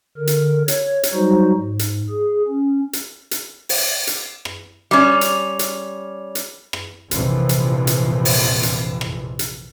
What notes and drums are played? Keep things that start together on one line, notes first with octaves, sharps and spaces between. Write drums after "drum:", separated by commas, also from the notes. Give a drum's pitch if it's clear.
D3 A#4
drum: hi-hat
C#5, drum: hi-hat
drum: hi-hat
F#3 G3 D#4 F#4 C5
G#2
drum: hi-hat
G#4
C#4
drum: hi-hat
drum: hi-hat
drum: open hi-hat
drum: hi-hat
drum: rim click
G3 C#4
drum: hi-hat
drum: hi-hat
drum: hi-hat
drum: rim click
A#1 F2 C3 E3 F3, drum: hi-hat
drum: hi-hat
drum: hi-hat
drum: open hi-hat
drum: hi-hat
drum: rim click
drum: hi-hat